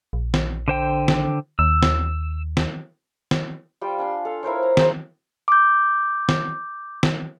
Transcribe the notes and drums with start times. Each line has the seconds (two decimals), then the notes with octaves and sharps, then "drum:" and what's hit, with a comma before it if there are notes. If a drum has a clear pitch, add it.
0.13 A#1
0.34 drum: snare
0.68 D3 C5 G5
1.08 drum: snare
1.59 D#2 E6
1.82 drum: snare
2.57 drum: snare
3.31 drum: snare
3.81 G3 F4 G5
3.98 D4 G#5 C6
4.25 A4 F5
4.43 E4 A#4 C5 C#5
4.63 A#5
4.77 G#4 C5 F5, drum: snare
5.48 D6 G6
6.29 drum: snare
7.03 drum: snare